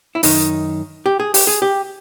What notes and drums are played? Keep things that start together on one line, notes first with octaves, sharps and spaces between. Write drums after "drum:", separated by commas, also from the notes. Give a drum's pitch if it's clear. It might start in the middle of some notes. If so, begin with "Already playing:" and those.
E4
F#2 D#3 D#4, drum: open hi-hat
G4
G#4
G4, drum: open hi-hat
G#4
G4